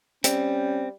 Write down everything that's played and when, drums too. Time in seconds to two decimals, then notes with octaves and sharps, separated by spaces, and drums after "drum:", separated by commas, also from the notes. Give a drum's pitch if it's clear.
0.24 G3 C4 C#4, drum: hi-hat